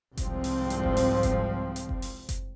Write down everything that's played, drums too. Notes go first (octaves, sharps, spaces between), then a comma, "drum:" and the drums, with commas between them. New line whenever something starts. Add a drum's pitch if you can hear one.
C2 G#2 F3 C4, drum: kick F#1, hi-hat
drum: open hi-hat
drum: hi-hat
drum: kick F#1
drum: open hi-hat
drum: kick F#1, hi-hat
drum: hi-hat
drum: kick F#1
drum: open hi-hat
drum: kick F#1, hi-hat